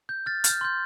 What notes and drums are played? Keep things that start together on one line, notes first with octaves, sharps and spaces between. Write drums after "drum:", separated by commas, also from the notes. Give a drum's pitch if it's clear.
G6
F6 A6
F6, drum: hi-hat
G6
C6 G6